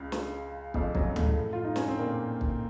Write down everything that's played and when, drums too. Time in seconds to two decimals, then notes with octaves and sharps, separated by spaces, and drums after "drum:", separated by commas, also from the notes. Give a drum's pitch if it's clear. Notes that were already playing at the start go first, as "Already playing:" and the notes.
Already playing: C#2 C#3
0.12 drum: snare
0.74 F2 F3, drum: kick
0.95 F#2 F#3, drum: kick
1.16 A2 A3, drum: tom D2
1.53 F4
1.65 D#4
1.76 C#4, drum: snare
1.88 C4
1.99 A#2 A#3
2.41 drum: kick